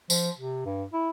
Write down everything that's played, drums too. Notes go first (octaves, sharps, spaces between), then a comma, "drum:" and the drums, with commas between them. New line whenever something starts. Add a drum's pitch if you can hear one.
F3, drum: tambourine
C3
G2
E4